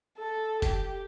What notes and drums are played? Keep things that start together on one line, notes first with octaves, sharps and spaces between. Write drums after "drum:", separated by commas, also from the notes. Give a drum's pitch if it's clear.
A4
G4, drum: kick F1, hi-hat